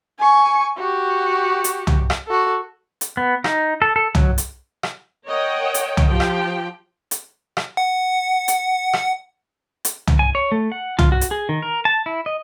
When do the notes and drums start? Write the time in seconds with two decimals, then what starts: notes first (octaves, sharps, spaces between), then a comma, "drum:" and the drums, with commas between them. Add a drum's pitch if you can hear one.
0.19 G#5 C#6
0.78 F#4 G4
1.64 drum: hi-hat
1.87 drum: tom
2.10 drum: rim click
2.27 F#4 A4
3.01 drum: hi-hat
3.17 B3
3.44 D#4, drum: rim click
3.82 A4
3.96 A4
4.15 F#3, drum: tom
4.38 drum: hi-hat
4.83 drum: rim click
5.26 A#4 C#5 D#5 F#5 G5
5.74 drum: hi-hat
5.97 drum: tom
6.08 F3 G4 G5
6.20 drum: rim click
7.11 drum: hi-hat
7.57 drum: rim click
7.77 F#5
8.48 drum: hi-hat
8.93 drum: rim click
9.85 drum: hi-hat
10.07 drum: tom
10.19 G#5
10.35 C#5
10.52 A3
10.72 F#5
10.99 F4, drum: tom
11.12 F#4
11.21 drum: hi-hat
11.31 G#4
11.49 D#3
11.62 A#4
11.85 A5
12.06 E4
12.26 D#5